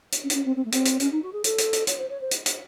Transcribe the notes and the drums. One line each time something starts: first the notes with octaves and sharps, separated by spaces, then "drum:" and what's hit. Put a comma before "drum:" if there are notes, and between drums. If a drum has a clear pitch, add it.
drum: hi-hat
C#4
D#4, drum: hi-hat
C#4
C4
C4
A3
C4, drum: hi-hat
drum: hi-hat
C#4, drum: hi-hat
D#4
F#4
G#4
A4, drum: hi-hat
drum: hi-hat
drum: hi-hat
C#5, drum: hi-hat
C5
C#5
C5
drum: hi-hat
drum: hi-hat